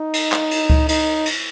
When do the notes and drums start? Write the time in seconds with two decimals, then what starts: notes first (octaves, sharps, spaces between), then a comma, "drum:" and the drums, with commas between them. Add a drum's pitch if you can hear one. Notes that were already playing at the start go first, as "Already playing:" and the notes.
Already playing: D#4
0.14 drum: cymbal
0.32 drum: clap
0.51 drum: cymbal
0.70 drum: kick C#2
0.89 D#4, drum: cymbal
1.26 drum: cymbal